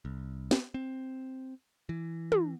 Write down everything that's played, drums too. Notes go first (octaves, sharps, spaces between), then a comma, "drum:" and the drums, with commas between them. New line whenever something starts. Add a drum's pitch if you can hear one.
C2
drum: snare
C4
E3
drum: tom